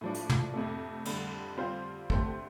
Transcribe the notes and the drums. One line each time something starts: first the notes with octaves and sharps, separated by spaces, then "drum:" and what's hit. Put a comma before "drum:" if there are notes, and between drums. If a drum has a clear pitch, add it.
A2 F3 D4
drum: hi-hat
drum: tom
F2 C3 A3
F2 D3 G3, drum: cymbal
G3 C4 F4 C5 F5
D3 A3 C4 G4 C5, drum: kick